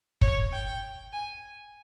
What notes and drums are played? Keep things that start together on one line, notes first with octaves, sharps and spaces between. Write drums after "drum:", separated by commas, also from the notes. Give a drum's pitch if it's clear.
C#5, drum: kick
G5
G#5